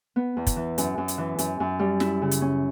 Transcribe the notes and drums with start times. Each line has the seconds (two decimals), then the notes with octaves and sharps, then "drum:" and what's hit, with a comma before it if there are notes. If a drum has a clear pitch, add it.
0.16 B3
0.37 E2
0.47 drum: kick, hi-hat
0.56 E3
0.78 F#2, drum: hi-hat
0.98 F#2
1.08 drum: hi-hat
1.18 E3
1.39 F#2, drum: hi-hat
1.60 F#2
1.79 G3
2.00 E4, drum: snare
2.22 C#3
2.31 drum: hi-hat
2.41 C#4